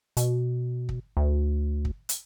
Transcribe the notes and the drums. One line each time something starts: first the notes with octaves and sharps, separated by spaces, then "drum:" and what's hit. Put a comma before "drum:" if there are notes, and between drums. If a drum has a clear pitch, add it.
B2, drum: hi-hat
drum: kick
D2
drum: kick
drum: hi-hat